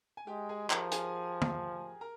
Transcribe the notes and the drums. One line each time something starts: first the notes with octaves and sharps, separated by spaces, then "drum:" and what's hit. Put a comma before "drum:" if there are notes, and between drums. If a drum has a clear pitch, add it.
G#5
G#3 G4 G5
G#4 G#5
F3 A#4 A#5, drum: clap
G#4 G#5, drum: hi-hat
drum: tom D3
A#4 A#5